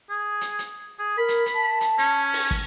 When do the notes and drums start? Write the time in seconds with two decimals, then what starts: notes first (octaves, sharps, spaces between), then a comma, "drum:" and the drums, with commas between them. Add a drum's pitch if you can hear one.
0.09 G#4
0.41 drum: hi-hat
0.59 drum: hi-hat
0.99 G#4
1.18 A#4 B5
1.28 drum: hi-hat
1.46 drum: hi-hat
1.55 A5
1.81 drum: hi-hat
1.98 C#4, drum: hi-hat
2.33 drum: open hi-hat
2.51 drum: kick